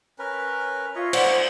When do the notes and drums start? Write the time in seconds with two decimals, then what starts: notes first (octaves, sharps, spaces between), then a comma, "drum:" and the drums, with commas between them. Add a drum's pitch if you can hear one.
0.19 C#4 A#4 B4
0.96 F4 C#5 D#5 E5
1.13 C5 D5 F#5, drum: cymbal